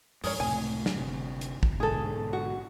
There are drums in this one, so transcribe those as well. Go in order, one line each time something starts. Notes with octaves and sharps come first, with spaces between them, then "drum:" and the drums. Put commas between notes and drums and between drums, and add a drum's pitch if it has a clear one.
F2 G#2 G#4 A#4 C#5, drum: open hi-hat
C#2 A2 C3 G#5
drum: snare
G1 C3
drum: hi-hat
drum: kick
G#2 B2 D3 G#4 A4
F#4